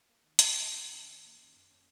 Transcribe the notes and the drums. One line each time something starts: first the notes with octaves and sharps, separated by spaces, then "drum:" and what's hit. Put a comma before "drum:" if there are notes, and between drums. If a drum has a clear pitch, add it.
A#3
D#3
F#2, drum: hi-hat
C#4
A#3
D#3
F#2
C#4
A#3
D#3
F#2
C#4